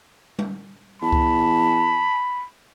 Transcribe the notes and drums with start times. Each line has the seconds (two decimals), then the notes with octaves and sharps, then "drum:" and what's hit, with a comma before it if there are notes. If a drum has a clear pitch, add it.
0.39 drum: tom G3
1.02 E2 A5 B5
1.12 drum: kick C#2